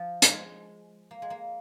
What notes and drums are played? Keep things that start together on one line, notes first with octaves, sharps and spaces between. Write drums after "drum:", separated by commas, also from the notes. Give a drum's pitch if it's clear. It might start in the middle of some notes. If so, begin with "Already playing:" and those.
Already playing: F3
drum: hi-hat
G#3
A#3
G#3
A#3